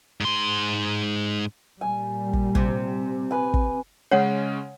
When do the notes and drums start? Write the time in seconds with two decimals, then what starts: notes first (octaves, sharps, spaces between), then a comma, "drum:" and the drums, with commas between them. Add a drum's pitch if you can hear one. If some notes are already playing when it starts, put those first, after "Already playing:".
0.21 G#2 C6
1.81 A#2 G3 G#5
2.33 drum: kick
2.55 C3, drum: kick
3.31 B4 G#5
3.54 drum: kick
4.11 C#3 G#3 C#4 C#5 F#5